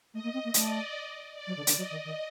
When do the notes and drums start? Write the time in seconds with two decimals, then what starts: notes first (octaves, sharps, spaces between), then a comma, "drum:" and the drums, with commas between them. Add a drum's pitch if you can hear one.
0.14 A3 D#5
0.24 A#3
0.33 C4
0.45 A#3
0.54 A3 D5, drum: hi-hat
1.36 D5
1.47 F#3
1.57 D3
1.67 D3, drum: hi-hat
1.77 F#3 D#5
1.91 D#3
2.05 D#3